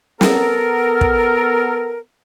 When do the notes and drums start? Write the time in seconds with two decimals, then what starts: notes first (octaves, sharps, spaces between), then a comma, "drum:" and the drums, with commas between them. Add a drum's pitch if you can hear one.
0.21 B3 A4 A#4, drum: snare
1.01 drum: kick